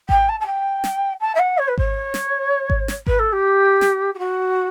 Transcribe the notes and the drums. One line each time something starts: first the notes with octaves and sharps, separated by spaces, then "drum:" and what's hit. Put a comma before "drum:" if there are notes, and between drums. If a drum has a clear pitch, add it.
G5, drum: kick G#1
A5
A5
G5
drum: snare
A5
E5
F#5
C#5
B4
C#5, drum: kick G#1
drum: snare
drum: kick G#1
drum: snare
B4, drum: kick G#1
A4
G4
drum: snare
G4
F#4